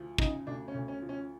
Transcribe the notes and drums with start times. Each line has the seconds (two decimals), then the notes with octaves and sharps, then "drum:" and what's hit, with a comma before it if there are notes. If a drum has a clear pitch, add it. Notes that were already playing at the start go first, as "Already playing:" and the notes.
Already playing: D2 F3
0.18 C#3 D#4, drum: kick
0.47 D2 D4
0.68 C#4
0.75 D2
0.88 C#4
1.02 F3
1.09 C#4